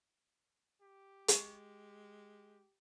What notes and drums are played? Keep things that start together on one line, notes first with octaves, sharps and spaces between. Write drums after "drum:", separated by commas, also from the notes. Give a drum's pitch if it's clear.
G4
G#3, drum: hi-hat